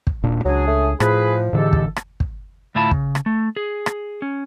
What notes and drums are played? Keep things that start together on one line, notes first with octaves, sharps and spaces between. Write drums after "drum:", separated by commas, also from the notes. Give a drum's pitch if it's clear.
drum: kick
D#1 A#2 D4
C#2 F#3 C#4 D4 G#4
A3
A2 F3 G#4 B4, drum: rim click
A2 D3 E3 G#3 G4 A4
drum: kick
drum: rim click
drum: kick
D2 A2 E4 F4 A5 B5
C#3, drum: kick
drum: rim click
A3
G#4
drum: rim click
C#4